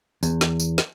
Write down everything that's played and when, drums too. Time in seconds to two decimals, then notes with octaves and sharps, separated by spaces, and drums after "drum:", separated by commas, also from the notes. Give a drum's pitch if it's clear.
0.23 E2, drum: tambourine
0.41 drum: snare
0.60 drum: tambourine
0.78 drum: snare